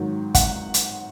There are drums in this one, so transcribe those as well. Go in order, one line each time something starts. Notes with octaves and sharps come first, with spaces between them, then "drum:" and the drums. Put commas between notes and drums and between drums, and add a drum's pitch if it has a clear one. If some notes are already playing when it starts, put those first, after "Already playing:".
Already playing: G#2 D#3 F#3
F#5, drum: kick, hi-hat
drum: hi-hat